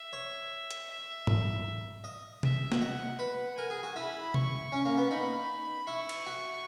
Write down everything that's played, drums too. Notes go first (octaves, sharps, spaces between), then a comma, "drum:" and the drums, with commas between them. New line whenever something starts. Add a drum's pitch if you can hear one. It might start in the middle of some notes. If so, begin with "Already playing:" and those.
Already playing: E5
C#5
drum: hi-hat
E5
drum: tom G#2
D#5
E5, drum: tom C3
drum: snare
D#5 F#5
B4
A#4 G#5
G#4
F#4
E4 B5
C#6, drum: tom C3
C#4
A#3
B3
D#4 B5
E4 C#6
drum: cymbal
F#4